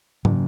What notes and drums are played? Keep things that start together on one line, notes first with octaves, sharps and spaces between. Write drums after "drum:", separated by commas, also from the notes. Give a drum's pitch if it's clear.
C#3 F#3 C#4, drum: tom